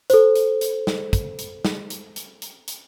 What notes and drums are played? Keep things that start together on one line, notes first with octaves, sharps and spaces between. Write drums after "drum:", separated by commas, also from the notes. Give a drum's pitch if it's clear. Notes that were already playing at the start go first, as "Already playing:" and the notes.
A4 C5, drum: hi-hat
drum: hi-hat
drum: hi-hat
drum: snare
drum: kick, hi-hat
drum: hi-hat
drum: snare
drum: hi-hat
drum: hi-hat
drum: hi-hat
drum: hi-hat